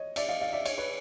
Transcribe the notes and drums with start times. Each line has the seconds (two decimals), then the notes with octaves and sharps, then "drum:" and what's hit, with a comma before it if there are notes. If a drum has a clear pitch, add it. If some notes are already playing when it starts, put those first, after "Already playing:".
Already playing: C#5 D#5
0.16 D5 E5, drum: cymbal
0.29 D#5 F5
0.42 D#5 F5
0.53 D5 E5
0.65 C#5 D#5, drum: cymbal
0.78 B4 C#5